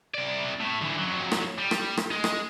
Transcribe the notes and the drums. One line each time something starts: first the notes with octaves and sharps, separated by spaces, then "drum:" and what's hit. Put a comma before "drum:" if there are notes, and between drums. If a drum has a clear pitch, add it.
C3 D5
A2 A3
D3 E3
F2 F#3
drum: rim click
G3
drum: rim click
drum: rim click
G#3
drum: rim click